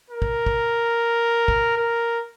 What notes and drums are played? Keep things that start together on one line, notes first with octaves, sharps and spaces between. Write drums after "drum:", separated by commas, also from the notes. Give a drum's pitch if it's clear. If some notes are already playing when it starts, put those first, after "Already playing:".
A#4
drum: kick
drum: kick
drum: kick
A#4